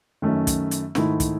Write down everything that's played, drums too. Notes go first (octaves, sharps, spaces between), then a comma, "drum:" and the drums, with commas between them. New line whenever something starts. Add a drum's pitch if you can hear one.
F#2 D#3 A3 C#4
drum: kick, hi-hat
drum: hi-hat
G#2 D#3 A3 E4, drum: snare
drum: kick, hi-hat